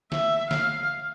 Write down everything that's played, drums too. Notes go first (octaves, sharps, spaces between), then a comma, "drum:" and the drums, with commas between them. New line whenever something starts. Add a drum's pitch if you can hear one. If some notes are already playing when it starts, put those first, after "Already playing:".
E5, drum: snare
F5, drum: snare